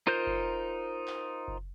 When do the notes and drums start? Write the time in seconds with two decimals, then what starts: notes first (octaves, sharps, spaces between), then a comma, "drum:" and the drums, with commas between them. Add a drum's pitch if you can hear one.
0.07 D#4 F4 A#4 C5 G6
0.27 drum: kick F#1
1.08 drum: clap
1.48 drum: kick F#1